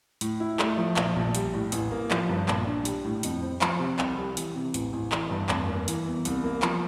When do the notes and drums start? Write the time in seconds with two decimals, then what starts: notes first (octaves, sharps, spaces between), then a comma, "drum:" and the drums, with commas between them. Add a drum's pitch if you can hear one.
0.21 A2, drum: hi-hat
0.40 E4
0.59 A3, drum: clap
0.77 F3
0.96 A#1, drum: clap
1.16 A#1
1.35 G3, drum: hi-hat
1.54 A2
1.72 A1, drum: hi-hat
1.91 A#3
2.11 F3, drum: clap
2.29 G2
2.48 A#1, drum: clap
2.67 D4
2.85 G3, drum: hi-hat
3.05 A2
3.23 F2, drum: hi-hat
3.42 C4
3.61 F3, drum: clap
3.79 C3
3.99 C2, drum: clap
4.17 G3
4.37 E3, drum: hi-hat
4.55 C3
4.74 A1, drum: hi-hat
4.93 A1
5.12 E3, drum: clap
5.31 G2
5.49 F1, drum: clap
5.68 A#3
5.88 E3, drum: hi-hat
6.06 E2
6.25 C2, drum: hi-hat
6.44 A#3
6.62 F3, drum: clap